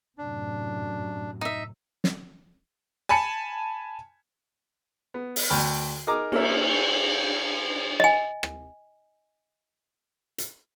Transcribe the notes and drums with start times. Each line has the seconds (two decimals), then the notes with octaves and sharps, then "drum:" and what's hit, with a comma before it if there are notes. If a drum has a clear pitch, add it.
0.18 F#2 A2 C3 D4
1.41 D#4 E5
2.04 drum: snare
3.09 G#5 A5 B5 C#7
5.14 B3
5.36 drum: open hi-hat
5.50 D2 G5 B5 F6
6.07 D#4 G#4 A#4 A#5 D6
6.32 A#3 A#4 E5, drum: cymbal
8.00 D#5 G#5
8.43 drum: rim click
10.38 drum: hi-hat